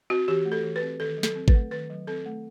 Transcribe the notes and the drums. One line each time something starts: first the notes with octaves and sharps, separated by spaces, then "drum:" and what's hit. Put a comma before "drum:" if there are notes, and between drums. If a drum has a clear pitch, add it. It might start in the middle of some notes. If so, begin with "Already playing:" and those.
C4 F#4
E3 G4
A3
A4
E3
B4
C4
D#3 A4
F#3
A4, drum: snare
C4
B4, drum: kick G#1
A3
D#3 B4
F#3
C4 A4
A3